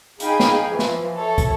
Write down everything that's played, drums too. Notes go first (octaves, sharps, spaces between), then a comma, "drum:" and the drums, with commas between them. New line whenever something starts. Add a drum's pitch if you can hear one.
D#4 G#4 F5 G5 G#5 B5, drum: hi-hat
drum: snare
E3 F3
drum: snare
A4 C#5 E5
drum: kick, hi-hat